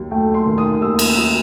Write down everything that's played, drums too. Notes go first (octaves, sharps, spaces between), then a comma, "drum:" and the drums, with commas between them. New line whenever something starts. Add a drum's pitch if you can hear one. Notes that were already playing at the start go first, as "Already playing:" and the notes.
Already playing: D#2 F#3
A3 G5
C6
D#3
D#6
D#2 E6
D#6
E6, drum: cymbal
F#3 D#6